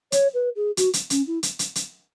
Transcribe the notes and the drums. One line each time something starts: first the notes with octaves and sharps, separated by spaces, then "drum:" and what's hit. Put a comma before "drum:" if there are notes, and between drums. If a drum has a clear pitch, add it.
C#5, drum: hi-hat
B4
G#4
F#4, drum: hi-hat
drum: hi-hat
C#4, drum: hi-hat
E4
drum: hi-hat
drum: hi-hat
drum: hi-hat